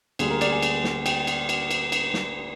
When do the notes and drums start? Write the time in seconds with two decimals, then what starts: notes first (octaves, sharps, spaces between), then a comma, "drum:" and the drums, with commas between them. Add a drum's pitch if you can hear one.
0.19 D2 D3 G3 A#3 G#4, drum: cymbal
0.30 A#4
0.41 D5, drum: cymbal
0.51 G#5
0.62 drum: cymbal
0.84 drum: snare
1.06 G5, drum: cymbal
1.27 drum: cymbal
1.49 drum: cymbal
1.71 drum: cymbal
1.92 drum: cymbal
2.14 drum: snare